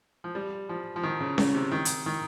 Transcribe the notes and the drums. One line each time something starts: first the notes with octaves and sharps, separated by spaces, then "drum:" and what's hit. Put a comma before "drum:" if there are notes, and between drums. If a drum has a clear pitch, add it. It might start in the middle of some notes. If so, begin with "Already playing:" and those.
F3
G3
F3
F3
D#3
C#3
C#3, drum: snare C#4
C3
D#3
drum: hi-hat
D#3